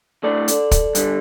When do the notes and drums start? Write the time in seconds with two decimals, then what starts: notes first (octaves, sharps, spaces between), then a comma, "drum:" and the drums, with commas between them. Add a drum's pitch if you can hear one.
0.23 A2 A3 D4 A4 D5
0.48 drum: hi-hat
0.71 drum: kick, hi-hat
0.95 G2 D3 G3, drum: hi-hat